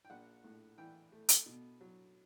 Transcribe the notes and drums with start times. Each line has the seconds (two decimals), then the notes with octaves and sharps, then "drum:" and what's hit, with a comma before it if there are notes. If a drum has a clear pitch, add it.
0.05 G5
0.10 A#1 F#5
0.44 A2
0.78 E3 G5
1.12 A3
1.29 drum: hi-hat
1.46 B2
1.81 F#3